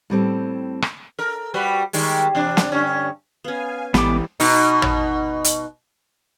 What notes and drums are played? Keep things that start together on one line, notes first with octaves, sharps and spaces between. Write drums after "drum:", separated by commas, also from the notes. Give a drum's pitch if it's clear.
A2 G3 C4 A4
drum: rim click
A4 A#4
G3 F#4 B4
D#3 G3 G#3, drum: open hi-hat
E2 C3 D4
drum: snare
G2 D3 C#4
B3 C#4 F5 G#5
A1 G#2 E3 G3 B3 A4 D6, drum: snare
B2 D#4, drum: open hi-hat
drum: tom
drum: hi-hat